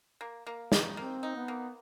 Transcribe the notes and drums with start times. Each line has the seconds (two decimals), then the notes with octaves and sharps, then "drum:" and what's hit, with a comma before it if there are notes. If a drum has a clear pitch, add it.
0.21 A#3
0.47 A#3
0.72 D#4, drum: snare
0.97 A#3 C4
1.23 D#4
1.35 B3
1.48 A#3